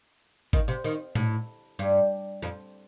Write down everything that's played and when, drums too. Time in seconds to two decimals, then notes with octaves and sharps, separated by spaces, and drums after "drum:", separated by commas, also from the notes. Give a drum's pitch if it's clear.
0.53 D#3, drum: kick G#1
0.68 C3
0.84 D#3
1.15 A2, drum: tom A#2
1.79 G2
2.42 F2